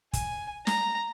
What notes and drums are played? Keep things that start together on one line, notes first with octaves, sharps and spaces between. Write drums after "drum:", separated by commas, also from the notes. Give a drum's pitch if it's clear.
G#5, drum: kick, hi-hat
A#5, drum: snare